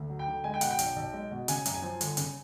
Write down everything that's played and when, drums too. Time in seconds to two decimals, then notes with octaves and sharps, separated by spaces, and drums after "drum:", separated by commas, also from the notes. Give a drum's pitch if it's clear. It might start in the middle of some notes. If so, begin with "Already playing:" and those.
Already playing: D2
0.09 F#3
0.19 G5
0.28 D3
0.44 G#3 G#5
0.54 G5
0.61 B2 F#5, drum: hi-hat
0.71 G5
0.79 B1, drum: hi-hat
0.96 B1
1.13 G#3
1.31 B2
1.48 C#3 G#5, drum: hi-hat
1.66 F#2, drum: hi-hat
1.74 G#5
1.82 F3
2.01 G1, drum: hi-hat
2.17 C#3, drum: hi-hat